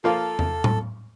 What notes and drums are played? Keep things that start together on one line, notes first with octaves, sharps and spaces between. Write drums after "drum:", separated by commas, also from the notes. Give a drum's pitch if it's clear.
F3 A#3 F4 A4
drum: tom E2
drum: tom A2